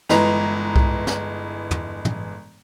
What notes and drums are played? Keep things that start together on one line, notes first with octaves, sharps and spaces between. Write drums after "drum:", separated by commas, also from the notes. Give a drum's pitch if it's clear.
G1 E3 G#3 B4 A#5 F7, drum: snare
drum: kick C2
drum: snare
drum: tom
drum: tom